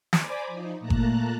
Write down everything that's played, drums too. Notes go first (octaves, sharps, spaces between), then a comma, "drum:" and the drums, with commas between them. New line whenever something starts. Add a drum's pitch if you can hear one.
C5 D5 G#5 A#5 B5 D6, drum: snare
F3 D#4
A#2 A3 A#3 A5 A#5 F#6
drum: kick G1